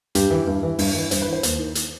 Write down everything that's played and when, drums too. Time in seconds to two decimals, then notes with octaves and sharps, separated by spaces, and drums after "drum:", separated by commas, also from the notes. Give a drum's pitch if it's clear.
0.15 G2 G4, drum: hi-hat
0.31 E3
0.47 G2
0.63 E3
0.79 G2, drum: open hi-hat
0.95 E3
1.11 G2 C5, drum: hi-hat
1.22 B4
1.27 E3
1.33 C5
1.43 D#2 C5, drum: hi-hat
1.59 D#3
1.75 drum: hi-hat